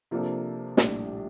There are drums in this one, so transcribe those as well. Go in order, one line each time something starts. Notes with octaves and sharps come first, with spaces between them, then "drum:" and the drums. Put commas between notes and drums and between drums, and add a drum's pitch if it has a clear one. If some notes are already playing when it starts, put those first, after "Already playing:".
C3 F3 A#3 D4 A4
A#1 A2 G3 D4 G4, drum: snare